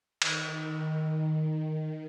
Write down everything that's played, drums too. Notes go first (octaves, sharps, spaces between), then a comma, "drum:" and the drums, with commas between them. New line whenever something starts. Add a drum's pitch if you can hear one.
D#3, drum: cymbal